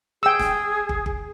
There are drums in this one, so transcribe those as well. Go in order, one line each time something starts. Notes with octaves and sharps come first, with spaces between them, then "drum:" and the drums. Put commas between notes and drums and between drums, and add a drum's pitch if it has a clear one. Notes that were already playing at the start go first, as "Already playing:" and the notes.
G#4 G5 E6
drum: snare
drum: kick
drum: kick